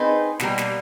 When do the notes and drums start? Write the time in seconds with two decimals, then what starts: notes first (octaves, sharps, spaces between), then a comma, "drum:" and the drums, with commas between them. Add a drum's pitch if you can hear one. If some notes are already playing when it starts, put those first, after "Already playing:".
Already playing: C4 D#4 G#4 B4
0.40 B2 G3 A#3, drum: snare
0.58 drum: snare